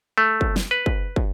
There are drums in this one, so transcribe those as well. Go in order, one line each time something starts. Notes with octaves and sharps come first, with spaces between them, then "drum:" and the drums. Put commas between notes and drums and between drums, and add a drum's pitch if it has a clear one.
A3
drum: kick
drum: snare
B4
drum: kick
drum: kick